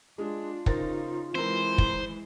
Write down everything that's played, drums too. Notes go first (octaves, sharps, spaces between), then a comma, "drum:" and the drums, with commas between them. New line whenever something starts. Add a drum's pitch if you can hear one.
G#3 D4 F4
C#3 D#4 A#4 C5 A6, drum: kick
E3 G#3 C4 A#4 C5
drum: kick